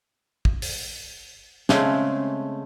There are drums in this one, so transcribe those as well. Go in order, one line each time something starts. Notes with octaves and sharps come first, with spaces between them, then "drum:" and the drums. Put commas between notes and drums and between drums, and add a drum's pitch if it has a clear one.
drum: kick
drum: open hi-hat
C#3 G#3 A3 C4, drum: snare